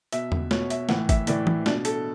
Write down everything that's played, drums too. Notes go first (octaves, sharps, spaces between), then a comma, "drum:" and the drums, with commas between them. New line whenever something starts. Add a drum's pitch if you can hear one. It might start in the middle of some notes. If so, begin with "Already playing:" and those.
B2 E5, drum: hi-hat
drum: tom E2
B2 C#5, drum: snare
E5, drum: hi-hat
A2 E3 F#5, drum: snare
E5, drum: kick, hi-hat
A2 E3 D5, drum: hi-hat
drum: tom E3
B2 D4, drum: snare
A4, drum: hi-hat